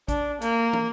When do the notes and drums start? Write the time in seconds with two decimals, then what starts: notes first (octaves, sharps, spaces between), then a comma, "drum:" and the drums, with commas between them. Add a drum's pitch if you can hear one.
0.08 D4, drum: kick A1, hi-hat
0.41 A#3, drum: hi-hat
0.73 drum: tom